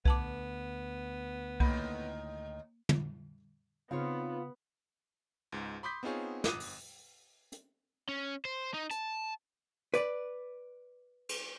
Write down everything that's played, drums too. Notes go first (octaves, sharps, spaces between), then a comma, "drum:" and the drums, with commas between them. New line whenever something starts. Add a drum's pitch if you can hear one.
D2 B3 B4 A5 D6, drum: kick C2
A2 D#3 A#3 B5, drum: kick C2
drum: tom
C#3 B3 C4 D#4 F4 C#5
C#2 G#2
B5 C6 D6 D#6 G6 B6
B3 C4 D#4 F4 G#4 C#5
G1 D6 D#6 F#6 D#7, drum: snare
drum: open hi-hat
drum: hi-hat
C#4
C5
D#4
A5, drum: hi-hat
B4 D5, drum: hi-hat
drum: cymbal